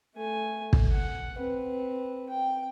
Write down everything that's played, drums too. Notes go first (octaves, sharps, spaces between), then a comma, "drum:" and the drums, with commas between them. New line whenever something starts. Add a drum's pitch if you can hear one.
A3 G#5
drum: kick
F#5
C4 B4
G5